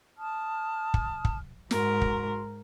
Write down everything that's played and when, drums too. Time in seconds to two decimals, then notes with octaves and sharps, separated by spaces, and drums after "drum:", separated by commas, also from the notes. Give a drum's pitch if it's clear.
0.17 A5 D#6 F6
0.94 drum: kick
1.25 drum: kick
1.71 G#2 F#4 A#4 C6, drum: snare
2.01 drum: kick